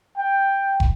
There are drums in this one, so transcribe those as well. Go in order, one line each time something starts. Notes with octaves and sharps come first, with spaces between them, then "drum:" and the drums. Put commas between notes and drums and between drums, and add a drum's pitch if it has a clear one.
G5
drum: kick